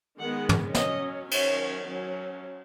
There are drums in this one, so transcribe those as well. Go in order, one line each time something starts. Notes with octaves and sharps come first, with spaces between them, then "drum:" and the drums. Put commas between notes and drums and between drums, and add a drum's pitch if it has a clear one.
D#3 G#3 B3 F#5
drum: tom
F#3 C#4 D#5, drum: snare
D#3 F#3 C#4 C#5, drum: cymbal
F#3 C#4